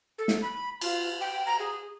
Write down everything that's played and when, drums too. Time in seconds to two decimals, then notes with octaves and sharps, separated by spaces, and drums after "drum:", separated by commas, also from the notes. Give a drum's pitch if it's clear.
0.18 A4
0.28 drum: snare
0.42 B5
0.81 F4, drum: cymbal
1.21 G5
1.46 A#5
1.59 G#4